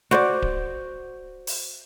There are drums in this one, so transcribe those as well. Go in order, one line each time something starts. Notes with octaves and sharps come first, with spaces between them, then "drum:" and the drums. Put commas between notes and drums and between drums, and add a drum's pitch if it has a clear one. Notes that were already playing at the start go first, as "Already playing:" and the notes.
F#4 C5 D5, drum: snare
drum: kick D1
drum: open hi-hat